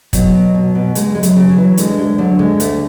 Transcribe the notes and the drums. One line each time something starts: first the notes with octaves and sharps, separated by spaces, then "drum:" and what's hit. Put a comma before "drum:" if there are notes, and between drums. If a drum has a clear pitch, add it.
B2 F#3, drum: kick, hi-hat
B2
B2
B2
C#3 G#3, drum: hi-hat
F#2 G#3
F#3, drum: hi-hat
C#3
F#3
E3
D3 G#3, drum: hi-hat
D2 G#3
D3 F#3
D3 G#3
D2 A3, drum: hi-hat